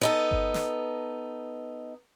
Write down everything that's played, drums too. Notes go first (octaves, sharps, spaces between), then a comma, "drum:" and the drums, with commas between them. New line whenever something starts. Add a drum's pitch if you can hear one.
B3 D#4 A4
drum: kick G1
drum: snare